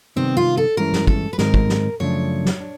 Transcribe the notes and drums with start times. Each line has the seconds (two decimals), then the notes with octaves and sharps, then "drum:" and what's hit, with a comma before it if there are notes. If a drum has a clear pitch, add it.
0.16 C3 D#3 G3 B3 C4 D#4
0.37 F4
0.57 A4
0.77 G2 E3 G#3 C#4 E4 A#4
0.93 drum: snare
1.07 A4, drum: kick
1.33 B4
1.38 G#2 D#3 G#3 C4 D#4 A#4, drum: snare
1.54 drum: kick
1.69 drum: snare
2.00 F#2 C#3 F3 A3 D4 C#5
2.46 drum: snare
2.60 D4